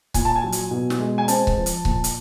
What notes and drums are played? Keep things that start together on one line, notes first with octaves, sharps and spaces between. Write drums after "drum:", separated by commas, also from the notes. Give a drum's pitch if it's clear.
A#2 G#5, drum: kick C#1, hi-hat
A5
G#5
F#3
drum: hi-hat
B2
drum: snare
G#3
G#5
C4 A5, drum: hi-hat
drum: kick C#1
F3
drum: hi-hat
A#2, drum: kick C#1
drum: hi-hat